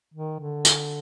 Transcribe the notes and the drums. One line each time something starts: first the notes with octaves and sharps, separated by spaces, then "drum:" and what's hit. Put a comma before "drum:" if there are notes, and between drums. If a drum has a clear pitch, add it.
D#3
D3
drum: tambourine